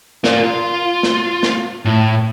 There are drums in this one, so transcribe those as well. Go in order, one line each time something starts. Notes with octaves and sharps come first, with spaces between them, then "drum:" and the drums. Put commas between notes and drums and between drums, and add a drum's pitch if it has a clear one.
A#4 D5, drum: snare
F4
drum: snare
drum: snare
A2